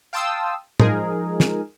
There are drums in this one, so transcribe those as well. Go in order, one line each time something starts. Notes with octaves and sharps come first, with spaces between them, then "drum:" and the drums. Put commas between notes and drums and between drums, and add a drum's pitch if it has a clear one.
F5 G5 A5 C6 D#6 E6
F3 G#3 D#4 G#4 A#4, drum: tom A2
drum: snare